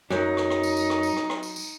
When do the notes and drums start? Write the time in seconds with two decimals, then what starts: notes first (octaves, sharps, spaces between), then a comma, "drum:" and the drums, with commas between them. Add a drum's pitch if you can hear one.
0.10 F#2 F#3 D#4, drum: rim click
0.37 drum: rim click
0.50 drum: rim click
0.63 drum: tambourine
0.77 drum: tambourine
0.90 drum: rim click
1.03 drum: tambourine
1.16 drum: rim click
1.30 drum: rim click
1.43 drum: tambourine
1.56 drum: tambourine